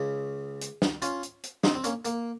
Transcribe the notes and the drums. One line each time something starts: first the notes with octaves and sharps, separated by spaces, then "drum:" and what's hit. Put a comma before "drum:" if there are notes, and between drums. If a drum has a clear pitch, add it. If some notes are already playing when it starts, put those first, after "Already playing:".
Already playing: C#2 C#3
drum: hi-hat
drum: snare
C#4 F4, drum: hi-hat
drum: hi-hat
drum: hi-hat
C4 D#4, drum: snare
C4
A#3 C#4, drum: hi-hat
A#3, drum: hi-hat